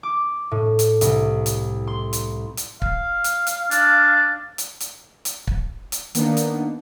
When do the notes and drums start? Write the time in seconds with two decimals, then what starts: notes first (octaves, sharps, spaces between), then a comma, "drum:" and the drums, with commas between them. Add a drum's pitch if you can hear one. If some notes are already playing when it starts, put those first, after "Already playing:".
0.03 D6
0.51 A2
0.79 drum: hi-hat
1.01 C2, drum: hi-hat
1.46 drum: hi-hat
1.87 C6
2.13 drum: hi-hat
2.57 drum: hi-hat
2.82 F5, drum: kick
3.24 drum: hi-hat
3.47 drum: hi-hat
3.71 D4, drum: hi-hat
4.58 drum: hi-hat
4.80 drum: hi-hat
5.25 drum: hi-hat
5.47 drum: kick
5.92 drum: hi-hat
6.15 D#3 A#3 B3 D4 D#4, drum: hi-hat
6.37 drum: hi-hat